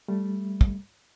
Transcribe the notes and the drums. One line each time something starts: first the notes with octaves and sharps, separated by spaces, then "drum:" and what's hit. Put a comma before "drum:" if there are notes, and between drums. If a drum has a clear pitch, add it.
G3 A3
drum: kick